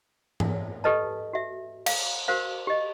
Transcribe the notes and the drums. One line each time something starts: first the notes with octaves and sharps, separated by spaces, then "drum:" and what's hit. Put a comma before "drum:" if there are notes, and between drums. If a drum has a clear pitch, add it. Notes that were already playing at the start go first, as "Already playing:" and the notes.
drum: tom G#2
G4 A4 B4 D#5 A5
F#4 E5
F5, drum: cymbal
F#4 A#4 C5 F5
G4 D#5